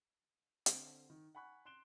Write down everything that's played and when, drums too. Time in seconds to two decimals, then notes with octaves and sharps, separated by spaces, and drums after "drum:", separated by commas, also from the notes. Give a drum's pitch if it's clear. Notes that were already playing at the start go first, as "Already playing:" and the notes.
0.66 D3 C4, drum: hi-hat
1.10 D#3
1.35 F#5 G#5 B5 C#6 F#6
1.65 C6 F#6 D7 E7 G7